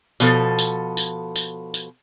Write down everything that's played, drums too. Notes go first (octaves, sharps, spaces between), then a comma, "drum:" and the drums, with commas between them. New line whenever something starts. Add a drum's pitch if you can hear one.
B2 F3 A4, drum: tambourine
drum: tambourine
drum: tambourine
drum: tambourine
drum: tambourine